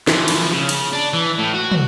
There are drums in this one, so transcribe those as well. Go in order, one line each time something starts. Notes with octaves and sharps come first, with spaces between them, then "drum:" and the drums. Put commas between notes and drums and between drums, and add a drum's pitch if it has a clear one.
E3 F3, drum: snare
drum: cymbal
C#3
drum: cymbal
D4
E3
A2
F#4
drum: tom